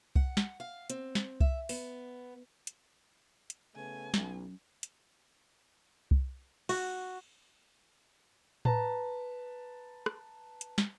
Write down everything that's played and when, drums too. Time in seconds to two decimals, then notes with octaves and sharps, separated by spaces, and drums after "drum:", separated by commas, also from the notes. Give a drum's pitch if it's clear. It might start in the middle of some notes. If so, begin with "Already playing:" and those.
0.16 F#5, drum: kick C2
0.37 drum: snare
0.60 F5
0.90 C4, drum: hi-hat
1.15 drum: snare
1.40 E5, drum: kick C2
1.69 B3, drum: open hi-hat
2.67 drum: hi-hat
3.50 drum: hi-hat
3.76 C#3 A3 B3 G#5
4.14 B1 F#3 C#4, drum: snare
4.83 drum: hi-hat
6.11 drum: kick C2
6.69 F#4, drum: cymbal
8.65 B4 A5 A#5, drum: tom A2
10.06 drum: rim click
10.61 drum: hi-hat
10.78 drum: snare